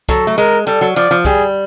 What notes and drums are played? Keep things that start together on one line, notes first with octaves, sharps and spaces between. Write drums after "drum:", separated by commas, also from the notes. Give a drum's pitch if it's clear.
F#3 A4, drum: kick C2, hi-hat
A3
G#3 A#4, drum: hi-hat
G3 A4, drum: hi-hat
F#3
F3 D5, drum: hi-hat
F3
G3 G#4, drum: kick C2, hi-hat